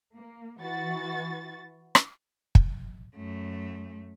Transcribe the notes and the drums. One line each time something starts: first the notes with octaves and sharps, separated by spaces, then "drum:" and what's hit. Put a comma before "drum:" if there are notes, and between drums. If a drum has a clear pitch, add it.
A#3
E3 F#4 A6
drum: rim click
drum: kick
F#2 A3